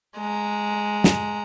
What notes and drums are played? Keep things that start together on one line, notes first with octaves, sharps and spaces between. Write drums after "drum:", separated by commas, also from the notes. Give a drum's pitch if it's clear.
G#3 A#5
drum: snare